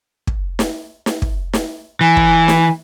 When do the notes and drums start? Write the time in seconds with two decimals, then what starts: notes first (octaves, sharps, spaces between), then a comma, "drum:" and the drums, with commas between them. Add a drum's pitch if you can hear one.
0.27 drum: kick
0.59 drum: snare
1.06 drum: snare
1.22 drum: kick
1.53 drum: snare
2.01 E3 G#5
2.17 drum: kick
2.48 drum: snare